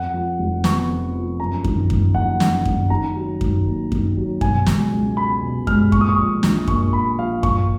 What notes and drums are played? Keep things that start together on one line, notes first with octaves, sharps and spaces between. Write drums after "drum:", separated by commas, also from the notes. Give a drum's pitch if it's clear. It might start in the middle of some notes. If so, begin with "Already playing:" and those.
Already playing: F2 F#5
F3
F1
B3 C#6, drum: snare
F2
F3
F#2 A#5
D#3, drum: kick F#2
F#1, drum: kick F#2
F#1 F#5
F#2, drum: snare
D#3, drum: kick F#2
D#3 A#5
F#3
D#2, drum: kick F#2
A#3
D#3, drum: kick F#2
F#3
B2 G#5, drum: kick F#2
G#3, drum: snare
C#2
B3 B5
B2
G#3 F6, drum: kick F#2
A#2 C#6, drum: kick F#2
D#6
C#6
F3
A#1, drum: snare
A#3 C#6, drum: kick F#2
A#2 B5
F3 F5
A#2 C#6, drum: kick F#2